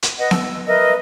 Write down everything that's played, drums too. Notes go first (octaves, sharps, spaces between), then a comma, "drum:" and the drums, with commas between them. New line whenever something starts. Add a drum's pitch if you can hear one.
drum: hi-hat
B4 D#5 F#5
E6, drum: snare B3
A#4 B4 D#5 E5